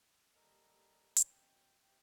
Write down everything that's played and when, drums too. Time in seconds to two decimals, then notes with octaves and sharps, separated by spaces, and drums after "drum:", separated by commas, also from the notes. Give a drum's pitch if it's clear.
0.34 D#2 G3 A4 A#4 D#5
1.16 F#2 D#3 G3 C#5 G#5, drum: hi-hat
1.29 F#2 B2 G5
1.83 C3 G5